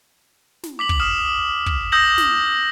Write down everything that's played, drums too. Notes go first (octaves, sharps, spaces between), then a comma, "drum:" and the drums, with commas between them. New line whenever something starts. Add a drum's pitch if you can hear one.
drum: snare
D6 B6 F#7
drum: kick
D#6 F6 E7
drum: kick
D#6 E6 G6 A#6 F#7
drum: snare